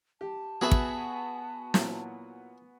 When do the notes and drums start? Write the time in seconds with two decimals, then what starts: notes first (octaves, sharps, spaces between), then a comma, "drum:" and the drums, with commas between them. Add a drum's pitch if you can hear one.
0.21 G4 A5
0.61 B3 F#4 G#4 B4 E5 G#5
0.71 drum: kick
1.74 A#2 E3 F#3, drum: snare